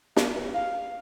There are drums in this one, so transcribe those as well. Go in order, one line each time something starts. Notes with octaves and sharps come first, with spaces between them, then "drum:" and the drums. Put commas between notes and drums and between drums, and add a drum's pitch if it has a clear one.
A#3, drum: snare
C#2
F5